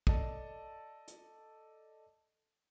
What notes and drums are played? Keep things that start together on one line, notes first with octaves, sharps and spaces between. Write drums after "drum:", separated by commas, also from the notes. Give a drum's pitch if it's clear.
A4 D5 D#5 A5, drum: kick
drum: hi-hat